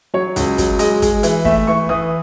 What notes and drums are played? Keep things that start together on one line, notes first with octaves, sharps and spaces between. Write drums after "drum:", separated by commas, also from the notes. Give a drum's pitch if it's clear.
F#3 C#5
C#2, drum: hi-hat
F#3, drum: kick, hi-hat
G#3 D#5, drum: hi-hat
G#3, drum: kick, hi-hat
E3, drum: hi-hat
A3 E5, drum: kick
E3 C#6
E3 D#6